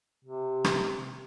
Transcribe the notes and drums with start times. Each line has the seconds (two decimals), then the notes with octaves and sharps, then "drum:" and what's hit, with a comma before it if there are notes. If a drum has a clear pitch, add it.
0.24 C3
0.64 drum: rim click